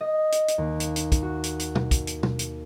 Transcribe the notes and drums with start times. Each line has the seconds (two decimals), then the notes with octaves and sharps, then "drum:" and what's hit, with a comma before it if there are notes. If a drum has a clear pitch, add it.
0.01 D#5
0.32 drum: hi-hat
0.48 drum: hi-hat
0.58 D#2
0.80 drum: hi-hat
0.96 drum: hi-hat
1.12 drum: kick, hi-hat
1.22 F#4
1.44 drum: hi-hat
1.60 drum: hi-hat
1.75 drum: tom
1.91 drum: kick, hi-hat
2.07 drum: hi-hat
2.23 drum: tom
2.39 drum: hi-hat